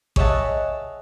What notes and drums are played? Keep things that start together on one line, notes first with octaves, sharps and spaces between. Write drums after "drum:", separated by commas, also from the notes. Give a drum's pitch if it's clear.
G#4 C#5 D#5 E5 F#5 A5, drum: kick A1